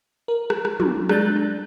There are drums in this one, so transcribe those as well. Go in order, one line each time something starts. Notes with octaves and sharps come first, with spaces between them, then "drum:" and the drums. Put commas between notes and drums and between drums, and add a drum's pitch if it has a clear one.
A#4
drum: rim click
drum: rim click
F#3, drum: tom
G#3 D4 F#6 G6 A6, drum: rim click
D4